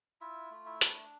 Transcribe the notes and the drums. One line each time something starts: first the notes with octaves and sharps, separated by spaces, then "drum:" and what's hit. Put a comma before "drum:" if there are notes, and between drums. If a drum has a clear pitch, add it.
E4 F4 E5
A3
E4 E5
D4, drum: hi-hat